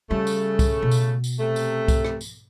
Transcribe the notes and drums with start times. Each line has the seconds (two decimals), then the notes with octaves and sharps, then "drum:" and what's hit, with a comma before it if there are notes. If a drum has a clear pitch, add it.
0.11 C#3 G3 A3
0.27 drum: tambourine
0.59 drum: kick C2, tambourine
0.82 B2
0.91 drum: tambourine
1.24 drum: tambourine
1.40 C3 A3
1.56 drum: tambourine
1.88 drum: kick C2, tambourine
2.05 drum: rim click
2.21 drum: tambourine